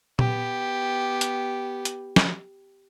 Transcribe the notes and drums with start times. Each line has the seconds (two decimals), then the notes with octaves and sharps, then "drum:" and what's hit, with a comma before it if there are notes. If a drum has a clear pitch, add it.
0.19 B3 G4, drum: tom A#2
1.21 drum: hi-hat
1.85 drum: hi-hat
2.16 drum: snare